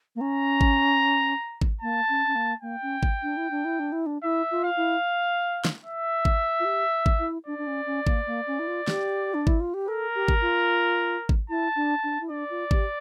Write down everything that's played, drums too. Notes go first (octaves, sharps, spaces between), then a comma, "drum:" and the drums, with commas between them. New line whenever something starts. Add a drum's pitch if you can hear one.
A#3
C#4 A#5
drum: kick G#1
drum: kick G#1
A#3 A5
C#4
C#4
A#3
A#3 G5
C#4
drum: kick G#1
D4
E4
D4
E4
D4
E4
D4
E4 E5
F4
F5
E4
drum: snare
E5
drum: kick G#1
F4
G4
drum: kick G#1
E4
D4 D5
D4
C#4
C#4
A#3, drum: kick G#1
A#3
C#4
E4
F4
G4, drum: snare
D4
E4, drum: kick G#1
F4
G4
A4 A#4
G4
drum: kick G#1
F4
drum: kick G#1
E4 A5
D4
D4
E4
D4 D5
F4
G4, drum: kick G#1